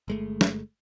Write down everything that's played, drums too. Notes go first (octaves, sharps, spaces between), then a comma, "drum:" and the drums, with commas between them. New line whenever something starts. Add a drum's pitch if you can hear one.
G1 G#3 A3
drum: snare